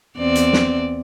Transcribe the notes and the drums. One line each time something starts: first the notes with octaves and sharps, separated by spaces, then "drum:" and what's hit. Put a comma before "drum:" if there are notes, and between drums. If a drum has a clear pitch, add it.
E2 C4 D5
drum: hi-hat
drum: snare